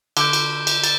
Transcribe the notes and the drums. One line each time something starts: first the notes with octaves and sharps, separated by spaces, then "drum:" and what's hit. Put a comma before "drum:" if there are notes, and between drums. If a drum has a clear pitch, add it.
D3 G6 D7 G7, drum: cymbal
drum: cymbal
drum: cymbal
A6, drum: cymbal